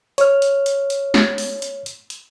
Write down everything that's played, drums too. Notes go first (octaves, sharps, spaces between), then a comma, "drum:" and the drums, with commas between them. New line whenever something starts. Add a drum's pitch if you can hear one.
C#5 F6, drum: hi-hat
drum: hi-hat
drum: hi-hat
drum: hi-hat
drum: snare
drum: open hi-hat
drum: hi-hat
drum: hi-hat
drum: hi-hat